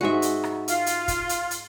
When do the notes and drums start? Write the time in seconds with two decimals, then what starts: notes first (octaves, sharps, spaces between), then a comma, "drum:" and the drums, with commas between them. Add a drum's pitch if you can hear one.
0.01 G#2 F#4 G#4 E5 F#5
0.22 drum: hi-hat
0.44 drum: rim click
0.68 F4, drum: hi-hat
0.86 drum: hi-hat
1.08 drum: kick, hi-hat
1.29 drum: hi-hat
1.51 drum: hi-hat